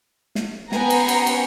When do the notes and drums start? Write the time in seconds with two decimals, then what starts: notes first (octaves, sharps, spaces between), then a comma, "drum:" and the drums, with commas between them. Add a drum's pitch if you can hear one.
0.35 drum: snare
0.72 B3 G5 G#5 A#5, drum: snare
0.90 drum: cymbal
1.08 drum: cymbal
1.26 drum: cymbal